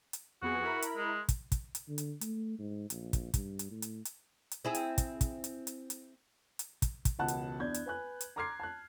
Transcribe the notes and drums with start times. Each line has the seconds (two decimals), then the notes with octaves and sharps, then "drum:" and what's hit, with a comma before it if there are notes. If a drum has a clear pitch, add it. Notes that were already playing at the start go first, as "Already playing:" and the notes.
0.13 drum: hi-hat
0.42 F2 B3 F#4 G#4
0.64 E4 A#4 B5
0.82 drum: hi-hat
0.97 G#3
1.29 drum: kick, hi-hat
1.52 drum: kick, hi-hat
1.75 drum: hi-hat
1.89 D3
1.98 drum: hi-hat
2.21 A3, drum: hi-hat
2.59 G#2
2.90 A#1, drum: hi-hat
3.13 drum: kick, hi-hat
3.34 G2, drum: kick, hi-hat
3.59 drum: hi-hat
3.71 A2
3.82 drum: hi-hat
4.05 drum: hi-hat
4.51 drum: hi-hat
4.65 C4 E4 G#4
4.75 drum: hi-hat
4.98 drum: kick, hi-hat
5.21 drum: kick, hi-hat
5.44 drum: hi-hat
5.67 drum: hi-hat
5.90 drum: hi-hat
6.59 drum: hi-hat
6.82 drum: kick, hi-hat
7.05 drum: kick, hi-hat
7.19 E1 C#2 F#5 A5 F#6
7.28 drum: hi-hat
7.60 E2 D4 G6 G#6
7.74 drum: hi-hat
7.86 B4 G#5 F#6
8.21 drum: hi-hat
8.36 A#5 C6 D6 F6 G#6 C7
8.60 A5 F#6